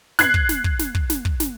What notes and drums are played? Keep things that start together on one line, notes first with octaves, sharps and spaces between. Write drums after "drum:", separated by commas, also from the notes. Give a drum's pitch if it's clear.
F#6 G#6 C7, drum: snare
drum: kick
drum: snare
drum: kick
drum: snare
drum: kick
drum: snare
drum: kick
drum: snare